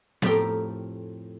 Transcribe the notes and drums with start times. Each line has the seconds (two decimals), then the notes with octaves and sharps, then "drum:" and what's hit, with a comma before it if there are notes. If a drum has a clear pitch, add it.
0.22 F2 A2 G4 A#4 G5, drum: snare B3